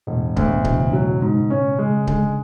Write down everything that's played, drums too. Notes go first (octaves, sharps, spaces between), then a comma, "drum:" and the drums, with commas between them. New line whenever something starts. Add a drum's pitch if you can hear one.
E1 A2
B2
D2, drum: kick C#1
B2
E1, drum: kick C#1
C#3
F#3
G#2
C#4
C#3 G#3
D3 G#3, drum: kick C#1